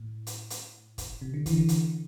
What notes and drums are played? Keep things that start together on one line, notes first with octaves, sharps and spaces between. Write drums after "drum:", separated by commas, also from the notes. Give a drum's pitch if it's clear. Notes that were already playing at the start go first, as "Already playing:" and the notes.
Already playing: A2
drum: hi-hat
drum: hi-hat
drum: kick, hi-hat
C3
D3
E3, drum: kick, hi-hat
D3
E3
D3, drum: hi-hat